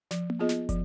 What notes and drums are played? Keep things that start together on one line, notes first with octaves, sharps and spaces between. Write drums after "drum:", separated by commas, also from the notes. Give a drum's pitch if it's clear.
F3, drum: snare
drum: tom A#3
B3 F4 G#4 D#5
drum: snare
F3, drum: kick, hi-hat